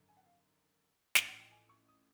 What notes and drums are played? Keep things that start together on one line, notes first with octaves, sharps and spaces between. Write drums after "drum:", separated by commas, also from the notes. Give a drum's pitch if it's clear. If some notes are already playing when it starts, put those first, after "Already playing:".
Already playing: G#1 F#2 D3
G#5
F#5
F5
A1 A2 F3 F5, drum: snare
F#5
G5
G#5
C#6
D#6